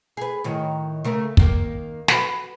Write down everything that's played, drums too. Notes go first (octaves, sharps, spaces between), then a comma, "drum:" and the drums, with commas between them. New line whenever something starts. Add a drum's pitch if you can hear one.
G#4 B4
A2 D#3 F#3
C#3 A3 A#4
D#3 A#3, drum: kick
F#4 A#4 B4, drum: snare